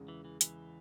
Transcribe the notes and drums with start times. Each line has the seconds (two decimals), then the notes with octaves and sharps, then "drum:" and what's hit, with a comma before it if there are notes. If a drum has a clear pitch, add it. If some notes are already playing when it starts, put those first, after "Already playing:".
Already playing: E2 C#3 G#3
0.08 E3
0.25 E3
0.41 E3, drum: hi-hat